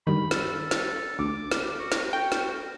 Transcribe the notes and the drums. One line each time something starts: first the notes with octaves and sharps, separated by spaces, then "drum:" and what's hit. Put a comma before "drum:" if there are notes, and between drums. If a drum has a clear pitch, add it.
G2 D#3 B5
A4, drum: snare
drum: snare
D2 D6
drum: snare
F#4
drum: snare
F#4 G5
drum: snare